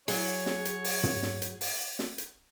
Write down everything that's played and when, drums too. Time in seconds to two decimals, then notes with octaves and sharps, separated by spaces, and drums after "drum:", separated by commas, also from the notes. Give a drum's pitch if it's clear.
0.08 F#3 G#4 C#5, drum: open hi-hat
0.46 drum: snare
0.65 drum: hi-hat
0.84 drum: open hi-hat
1.03 drum: tom
1.23 drum: snare
1.42 drum: hi-hat
1.61 drum: open hi-hat
1.99 drum: snare
2.18 drum: hi-hat